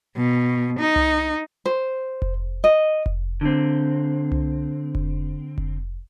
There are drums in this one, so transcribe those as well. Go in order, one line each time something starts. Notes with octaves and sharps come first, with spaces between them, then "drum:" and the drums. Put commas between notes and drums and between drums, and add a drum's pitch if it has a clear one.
B2
D#4
drum: tom C2
C5
drum: kick F1
D#5
drum: kick F1
D3 C4
drum: tom C2
drum: kick F1
drum: kick F1